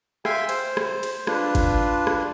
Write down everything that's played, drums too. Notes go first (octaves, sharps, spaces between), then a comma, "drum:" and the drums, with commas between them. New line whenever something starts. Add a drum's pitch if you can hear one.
E5 F5 G5 G#5 C6, drum: rim click
C5, drum: cymbal
drum: rim click
drum: cymbal
D4 F4 B4, drum: rim click
drum: kick G1, cymbal
drum: rim click